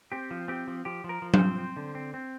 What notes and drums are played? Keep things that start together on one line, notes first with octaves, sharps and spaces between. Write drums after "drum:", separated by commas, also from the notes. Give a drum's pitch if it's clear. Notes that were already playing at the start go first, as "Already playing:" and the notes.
C4 G4
F3
C4 G4
F3
F3 G4
F3 A#4
F3
C5, drum: tom F#3
C4
C4
D3
C4
C4